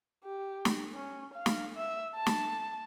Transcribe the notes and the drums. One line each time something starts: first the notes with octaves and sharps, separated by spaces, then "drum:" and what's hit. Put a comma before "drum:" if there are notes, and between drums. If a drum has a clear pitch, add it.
G4
drum: snare
C#4
F5
drum: snare
E5
A5
drum: snare